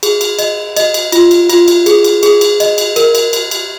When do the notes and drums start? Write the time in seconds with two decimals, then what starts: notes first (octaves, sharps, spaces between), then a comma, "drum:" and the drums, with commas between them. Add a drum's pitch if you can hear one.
0.03 G#4, drum: cymbal
0.21 drum: cymbal
0.39 D#5, drum: cymbal
0.76 D#5, drum: cymbal
0.94 drum: cymbal
1.12 F4, drum: cymbal
1.31 drum: cymbal
1.49 F4, drum: cymbal
1.68 drum: cymbal
1.86 G#4, drum: cymbal
2.04 drum: cymbal
2.23 G#4, drum: cymbal
2.41 drum: cymbal
2.60 D#5, drum: cymbal
2.78 drum: cymbal
2.96 A#4, drum: cymbal
3.15 drum: cymbal
3.33 drum: cymbal
3.51 drum: cymbal